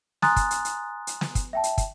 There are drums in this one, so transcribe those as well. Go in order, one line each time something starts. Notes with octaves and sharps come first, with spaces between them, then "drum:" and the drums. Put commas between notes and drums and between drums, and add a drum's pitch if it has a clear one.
G#5 A#5 C6 D#6 F#6 A6, drum: snare
drum: kick, hi-hat
drum: hi-hat
drum: hi-hat
drum: hi-hat
drum: snare
drum: kick, hi-hat
E5 G5 A5
drum: hi-hat
drum: kick, hi-hat